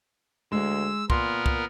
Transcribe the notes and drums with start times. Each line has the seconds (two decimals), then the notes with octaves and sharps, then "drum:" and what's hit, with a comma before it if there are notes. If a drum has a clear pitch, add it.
0.52 D2 G#3 E6
1.10 A#2 B3 A#4 C6, drum: kick
1.46 drum: kick